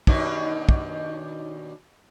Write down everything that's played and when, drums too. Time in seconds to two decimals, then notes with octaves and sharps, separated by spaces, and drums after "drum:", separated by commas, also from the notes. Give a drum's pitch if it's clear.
0.07 D#2 B2 D4, drum: kick
0.69 drum: kick